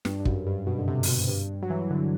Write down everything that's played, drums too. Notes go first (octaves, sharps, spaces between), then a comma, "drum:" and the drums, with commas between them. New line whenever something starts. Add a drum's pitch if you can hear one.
G2, drum: snare
G2
F#2, drum: kick
G2
B2
D3
C3
C3, drum: open hi-hat
B2
G2
F#3
E3
D3